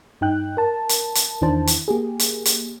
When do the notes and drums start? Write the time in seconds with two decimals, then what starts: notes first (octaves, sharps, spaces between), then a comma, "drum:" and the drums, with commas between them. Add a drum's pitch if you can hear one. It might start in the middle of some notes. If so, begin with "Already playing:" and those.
0.21 G2 D#4 G5 F#6
0.57 A#4 A5
0.89 drum: hi-hat
1.15 drum: hi-hat
1.41 E2 D#3 D4 E4 C5 A5
1.67 drum: hi-hat
1.88 A#3 G4 G#4
2.19 drum: hi-hat
2.45 drum: hi-hat